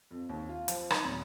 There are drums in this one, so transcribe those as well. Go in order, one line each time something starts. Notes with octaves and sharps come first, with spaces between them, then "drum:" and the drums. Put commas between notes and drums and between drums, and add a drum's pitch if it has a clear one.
F2
D#2
F4
F3, drum: hi-hat
D#4, drum: rim click
D#1